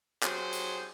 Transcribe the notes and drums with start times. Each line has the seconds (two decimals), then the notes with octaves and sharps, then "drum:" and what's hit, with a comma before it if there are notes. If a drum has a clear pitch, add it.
0.23 F#3 G4 G#4 C5, drum: clap
0.53 drum: hi-hat